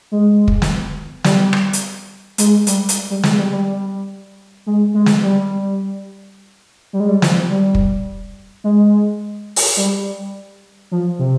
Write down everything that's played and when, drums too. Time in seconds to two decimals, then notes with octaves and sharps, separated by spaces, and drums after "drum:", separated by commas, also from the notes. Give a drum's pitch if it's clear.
0.12 G#3
0.48 drum: kick
0.62 drum: snare
1.24 G3, drum: snare
1.53 drum: rim click
1.73 drum: hi-hat
2.38 G#3, drum: hi-hat
2.67 G3, drum: hi-hat
2.89 drum: hi-hat
3.10 G3
3.23 G#3, drum: snare
3.38 G3
3.52 G3
4.67 G#3
4.94 G#3
5.06 drum: snare
5.23 G3
6.93 G3
7.00 G#3
7.08 G3
7.22 F3, drum: snare
7.50 G3
7.75 drum: kick
8.64 G#3
9.56 drum: open hi-hat
9.77 G3
10.91 F3
11.19 C3